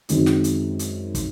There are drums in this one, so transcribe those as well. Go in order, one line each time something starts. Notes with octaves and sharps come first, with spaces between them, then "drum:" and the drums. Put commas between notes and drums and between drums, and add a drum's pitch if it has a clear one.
F#2 D#3 G#3 C4, drum: hi-hat
drum: snare
drum: hi-hat
drum: hi-hat
drum: kick, hi-hat